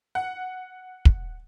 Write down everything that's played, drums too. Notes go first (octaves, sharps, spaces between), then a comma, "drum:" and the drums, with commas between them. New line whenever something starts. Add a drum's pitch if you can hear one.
F#5
drum: kick